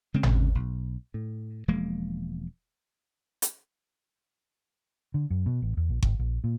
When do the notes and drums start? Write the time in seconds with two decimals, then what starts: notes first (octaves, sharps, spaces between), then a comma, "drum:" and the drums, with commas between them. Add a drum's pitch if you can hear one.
0.14 C#3 G#3 C4 C#4
0.23 drum: tom G#1
0.55 B1
1.14 A2
1.68 E1 F3 G#3 A#3
3.42 drum: hi-hat
5.14 D3
5.30 F#2
5.46 B2
5.62 A1
5.77 E2
5.89 A#1
6.03 G#1, drum: kick G1
6.19 A#1
6.44 A#2